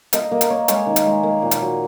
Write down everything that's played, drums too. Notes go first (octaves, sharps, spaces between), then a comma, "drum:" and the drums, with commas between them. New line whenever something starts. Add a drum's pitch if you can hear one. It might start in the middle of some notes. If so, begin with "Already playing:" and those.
A#3 D#5, drum: hi-hat
A#3 D#5
drum: hi-hat
A#3 C#5
G#3 C#5, drum: hi-hat
D#3
drum: hi-hat
G#3
A#3
A#2
drum: hi-hat
F#3